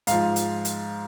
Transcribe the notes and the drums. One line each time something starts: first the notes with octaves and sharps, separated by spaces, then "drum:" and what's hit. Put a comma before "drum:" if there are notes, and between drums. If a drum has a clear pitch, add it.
G#2 F3 F5, drum: hi-hat
drum: hi-hat
drum: hi-hat